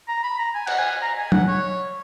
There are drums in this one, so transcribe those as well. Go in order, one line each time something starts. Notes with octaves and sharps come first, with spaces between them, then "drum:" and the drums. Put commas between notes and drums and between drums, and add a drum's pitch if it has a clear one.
A#5
B5
A#5
G#5
F#5, drum: cymbal
G#5
A#5
G#5
F#5, drum: tom
C#5